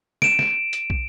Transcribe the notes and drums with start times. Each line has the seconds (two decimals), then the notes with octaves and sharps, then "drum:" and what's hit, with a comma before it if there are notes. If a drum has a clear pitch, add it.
0.22 D7 E7, drum: snare
0.39 drum: snare
0.73 drum: hi-hat
0.90 drum: kick